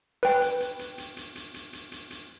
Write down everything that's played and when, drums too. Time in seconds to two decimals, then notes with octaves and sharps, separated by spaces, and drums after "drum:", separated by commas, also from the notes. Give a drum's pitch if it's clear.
0.23 B4 G5, drum: hi-hat
0.42 drum: hi-hat
0.60 drum: hi-hat
0.79 drum: hi-hat
0.98 drum: hi-hat
1.17 drum: hi-hat
1.35 drum: hi-hat
1.54 drum: hi-hat
1.73 drum: hi-hat
1.92 drum: hi-hat
2.10 drum: hi-hat